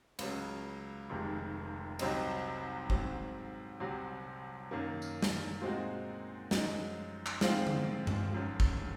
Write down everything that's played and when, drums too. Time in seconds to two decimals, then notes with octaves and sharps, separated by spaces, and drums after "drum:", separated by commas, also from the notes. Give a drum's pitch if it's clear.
0.19 C#2 C#3 F#3, drum: cymbal
1.09 F1 F2 C3 D#3 G#3
1.99 C2 C3 F#3 C4 D#4, drum: cymbal
2.90 G#2 F#3 C4, drum: kick
3.80 C2 C3 F#3 C4 F#4
4.71 F#2 D#3 A#3
5.02 drum: tambourine
5.22 drum: snare
5.61 A#2 G#3 C4 D#4 F#4
6.51 F#2 F3 G#3 D#4 F#4, drum: snare
7.26 drum: clap
7.41 G#2 F3 G#3 C4 F4, drum: snare
7.67 drum: tom D3
8.07 drum: tom G2
8.32 G#1 F#2 F3
8.60 drum: kick